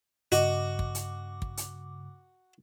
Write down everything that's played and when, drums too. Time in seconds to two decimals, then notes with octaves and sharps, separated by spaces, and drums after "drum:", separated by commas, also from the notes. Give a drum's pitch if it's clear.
0.32 G2 C#3 F#4 D#5 D6, drum: hi-hat
0.79 drum: kick
0.95 drum: hi-hat
1.42 drum: kick
1.57 drum: hi-hat